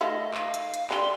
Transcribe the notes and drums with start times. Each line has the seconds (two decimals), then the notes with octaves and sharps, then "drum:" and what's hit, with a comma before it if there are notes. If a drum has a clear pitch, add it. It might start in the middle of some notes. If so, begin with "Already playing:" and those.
0.01 D#3 A3 F4 D#5
0.34 F5, drum: clap
0.54 drum: hi-hat
0.74 drum: hi-hat
0.91 D3 G3 C6, drum: clap